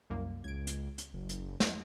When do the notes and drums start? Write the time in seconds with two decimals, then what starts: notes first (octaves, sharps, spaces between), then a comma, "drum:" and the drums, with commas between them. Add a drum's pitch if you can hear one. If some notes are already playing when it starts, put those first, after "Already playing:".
0.10 C2 F#2 A#3
0.44 C#2 G#6 D7
0.67 drum: hi-hat
0.98 drum: hi-hat
1.14 F#1
1.29 drum: hi-hat
1.60 drum: snare